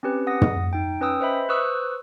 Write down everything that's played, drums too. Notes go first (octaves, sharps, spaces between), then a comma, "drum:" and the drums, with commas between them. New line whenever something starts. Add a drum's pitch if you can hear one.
C4 C#4 G4 B4
F#5 D#6 A#6
drum: tom
D#4 G5
C#4 B4 G5 D#6 E6
B4 C5 D#5 E5 B5
B4 C5 C#6 D#6 E6 F#6